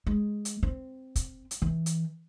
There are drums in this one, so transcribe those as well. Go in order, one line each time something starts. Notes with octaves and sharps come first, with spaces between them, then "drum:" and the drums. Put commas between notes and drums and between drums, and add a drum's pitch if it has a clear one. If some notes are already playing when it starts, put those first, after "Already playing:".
G#3
drum: hi-hat
C4
drum: kick, hi-hat
drum: hi-hat
E3
drum: hi-hat